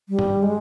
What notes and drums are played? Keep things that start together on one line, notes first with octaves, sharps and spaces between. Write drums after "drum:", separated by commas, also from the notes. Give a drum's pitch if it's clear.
G3
drum: tom G2
G#3